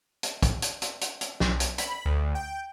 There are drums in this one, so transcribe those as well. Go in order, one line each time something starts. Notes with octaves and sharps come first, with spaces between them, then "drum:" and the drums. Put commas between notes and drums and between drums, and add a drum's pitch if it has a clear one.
drum: hi-hat
drum: kick, hi-hat
drum: hi-hat
drum: hi-hat
drum: hi-hat
drum: hi-hat
B1, drum: snare
drum: hi-hat
B5, drum: hi-hat
D2
G5